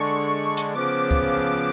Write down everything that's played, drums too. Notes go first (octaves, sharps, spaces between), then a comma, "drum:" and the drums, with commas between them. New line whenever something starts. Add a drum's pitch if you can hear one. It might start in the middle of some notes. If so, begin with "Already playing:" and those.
Already playing: D3 G#3 D4 C#6
drum: hi-hat
C#3 F3 B3 D6
drum: kick C#2